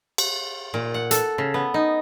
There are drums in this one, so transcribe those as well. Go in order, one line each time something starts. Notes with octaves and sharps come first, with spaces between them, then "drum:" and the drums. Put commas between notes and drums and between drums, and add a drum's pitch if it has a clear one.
drum: cymbal
A#2
F#5
A4, drum: hi-hat
C#3
B3
D#4